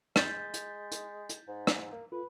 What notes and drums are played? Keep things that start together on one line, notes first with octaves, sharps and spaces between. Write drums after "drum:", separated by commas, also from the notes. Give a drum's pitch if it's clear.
G#3 G6 A6 B6, drum: rim click
drum: hi-hat
drum: hi-hat
drum: hi-hat
G#2
drum: rim click
A#3
F4 A4 B4